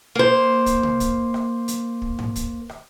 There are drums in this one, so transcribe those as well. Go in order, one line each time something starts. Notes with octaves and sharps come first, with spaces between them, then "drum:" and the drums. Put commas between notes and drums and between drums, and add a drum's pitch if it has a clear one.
A#3 C5
drum: kick, hi-hat
drum: tom C3
drum: kick, hi-hat
drum: rim click
drum: hi-hat
drum: kick
drum: tom G#2
drum: kick, hi-hat
drum: rim click